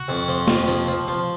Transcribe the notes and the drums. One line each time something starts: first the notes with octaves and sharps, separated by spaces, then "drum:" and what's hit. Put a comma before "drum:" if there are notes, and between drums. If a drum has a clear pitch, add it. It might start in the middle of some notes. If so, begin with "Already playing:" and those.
Already playing: F#4
F2
F3
F2, drum: snare
F3
F3
F3